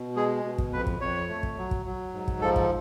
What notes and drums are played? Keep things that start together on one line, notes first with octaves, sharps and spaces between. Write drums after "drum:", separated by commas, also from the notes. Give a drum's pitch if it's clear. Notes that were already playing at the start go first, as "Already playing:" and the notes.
Already playing: B2
G#3 G#4
B2
drum: kick
F2 B4
drum: kick
F2 C#5
A3
drum: kick
F#3
drum: kick
F#3
G#2
drum: kick
F3 A4
drum: kick